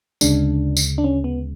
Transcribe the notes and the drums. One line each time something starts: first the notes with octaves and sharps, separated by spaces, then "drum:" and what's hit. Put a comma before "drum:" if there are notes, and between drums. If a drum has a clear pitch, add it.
D2 C#3 G#3 D4, drum: tambourine
drum: tambourine
D4
C#4
B3